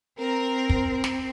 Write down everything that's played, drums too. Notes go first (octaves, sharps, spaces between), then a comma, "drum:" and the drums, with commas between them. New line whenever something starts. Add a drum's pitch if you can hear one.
C4 A#4
drum: kick
drum: snare